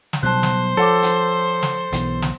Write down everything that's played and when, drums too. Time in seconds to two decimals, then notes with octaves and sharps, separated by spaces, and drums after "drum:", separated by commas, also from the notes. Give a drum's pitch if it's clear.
0.13 drum: snare
0.23 B2 F#3 G3 C5 A5 F#6
0.43 drum: snare
0.77 F3 A4 C#5 F#5 D6
1.03 drum: hi-hat
1.63 drum: snare
1.92 B1 E3 B3, drum: hi-hat
2.22 drum: snare